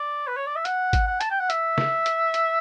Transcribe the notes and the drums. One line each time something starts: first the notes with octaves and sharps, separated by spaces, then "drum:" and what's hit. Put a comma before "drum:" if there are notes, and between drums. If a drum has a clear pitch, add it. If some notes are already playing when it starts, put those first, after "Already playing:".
Already playing: D5
B4
C#5
D5
E5
F#5, drum: hi-hat
drum: kick G#1, hi-hat
F#5
A5, drum: hi-hat
G5
F#5
E5, drum: hi-hat
drum: snare
drum: hi-hat
drum: hi-hat